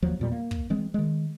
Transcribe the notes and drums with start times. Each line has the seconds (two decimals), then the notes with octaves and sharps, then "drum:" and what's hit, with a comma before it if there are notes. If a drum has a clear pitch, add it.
0.02 D#2 F3 F#3
0.19 E2 A#2 G3
0.32 A#3
0.51 drum: kick
0.70 E3 G#3 C4
0.94 D#3 G#3